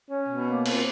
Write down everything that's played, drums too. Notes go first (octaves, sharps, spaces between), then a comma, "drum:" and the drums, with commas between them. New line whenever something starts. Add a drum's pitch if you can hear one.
C#4
B2
A#3
C4, drum: cymbal